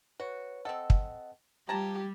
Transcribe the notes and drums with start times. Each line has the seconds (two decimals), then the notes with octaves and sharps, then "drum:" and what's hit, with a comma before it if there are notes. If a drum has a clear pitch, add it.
0.20 F#4 B4 C#5
0.65 C4 A4 D#5 F#5
0.90 drum: kick
1.69 F3 G3 G4 A5 A#5 G#6